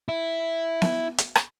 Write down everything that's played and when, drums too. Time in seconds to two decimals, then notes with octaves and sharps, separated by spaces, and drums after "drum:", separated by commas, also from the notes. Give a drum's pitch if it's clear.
0.09 E4
0.82 drum: snare B3
1.18 drum: hi-hat
1.35 drum: rim click